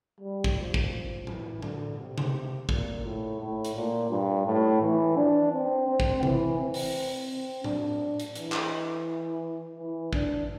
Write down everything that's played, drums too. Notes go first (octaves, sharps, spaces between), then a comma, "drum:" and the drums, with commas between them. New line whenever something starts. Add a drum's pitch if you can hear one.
G3
drum: kick
F3
drum: kick
E3, drum: tom A2
D3, drum: tom A2
C3
drum: tom C3
A#2, drum: kick
A2
A2
drum: hi-hat
A#2
G2
A2
E3
D4
C4
C4
drum: kick
E3, drum: tom C3
C4
drum: open hi-hat
C4
D4, drum: tom A2
drum: hi-hat
E3, drum: hi-hat
drum: clap
E3
D4, drum: kick